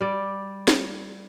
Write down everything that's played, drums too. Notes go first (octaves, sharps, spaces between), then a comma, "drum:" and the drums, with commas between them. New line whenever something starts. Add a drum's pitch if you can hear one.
G3 D5
drum: snare